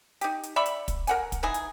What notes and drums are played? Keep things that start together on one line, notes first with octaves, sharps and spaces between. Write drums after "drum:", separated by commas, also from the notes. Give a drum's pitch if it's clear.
D#4 G4, drum: hi-hat
drum: hi-hat
D5 E5 B5 C#6
drum: hi-hat
drum: kick, hi-hat
A#4 F#5 G#5, drum: hi-hat
drum: kick, hi-hat
E3 D#4 E4 G#4
drum: hi-hat